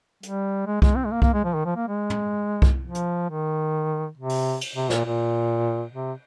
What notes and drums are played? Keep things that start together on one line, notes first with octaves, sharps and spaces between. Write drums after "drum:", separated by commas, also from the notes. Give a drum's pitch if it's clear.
G3, drum: hi-hat
G#3
G#3, drum: kick C2
C4
G#3
A#3
A#3, drum: kick C2
G#3
F3
D#3
F3
A#3
G#3
drum: tom
drum: kick C2
F3
drum: hi-hat
D#3
C3
drum: open hi-hat
drum: cymbal
C3
A#2, drum: snare
A#2
C3